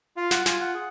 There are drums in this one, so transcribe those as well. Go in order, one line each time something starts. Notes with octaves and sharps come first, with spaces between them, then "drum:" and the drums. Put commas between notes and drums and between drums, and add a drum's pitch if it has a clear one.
F4 F5
F#5, drum: snare
F4 G#5, drum: snare
F#5
G#4